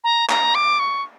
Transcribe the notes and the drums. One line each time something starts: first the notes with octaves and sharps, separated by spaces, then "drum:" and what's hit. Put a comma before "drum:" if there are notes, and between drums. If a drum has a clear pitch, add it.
A#5
A#5, drum: clap
D6
C#6